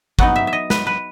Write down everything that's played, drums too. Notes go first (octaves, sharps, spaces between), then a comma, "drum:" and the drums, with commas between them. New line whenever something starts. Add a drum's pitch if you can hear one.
F#3 B3 D#4 F#5, drum: kick
E5
E5
D#5
B4, drum: snare
B4